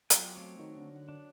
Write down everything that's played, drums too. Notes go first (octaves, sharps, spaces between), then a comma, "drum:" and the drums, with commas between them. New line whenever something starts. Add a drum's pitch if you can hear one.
F#3 B3 F4 G4 D5 F#5 G#5, drum: hi-hat
A3 C4 C#5 D#5 F5 F#5
D#3 F#3 D#4
D3 A#4
F#5
D4